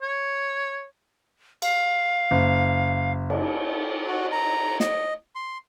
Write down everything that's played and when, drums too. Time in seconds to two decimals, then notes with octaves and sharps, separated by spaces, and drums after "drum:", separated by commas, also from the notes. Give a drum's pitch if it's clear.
0.02 C#5
1.62 F5, drum: cymbal
2.31 F#1
3.30 drum: cymbal
4.07 F#4
4.32 A#5
4.80 D#5, drum: snare
5.35 C6